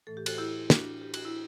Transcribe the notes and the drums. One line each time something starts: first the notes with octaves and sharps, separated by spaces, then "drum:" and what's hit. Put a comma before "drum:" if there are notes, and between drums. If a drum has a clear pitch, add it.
A2 E3 A3 A4
G4
F#4 A4, drum: cymbal
E4 G4
D4 F#4, drum: snare
G4
F#4, drum: cymbal
E4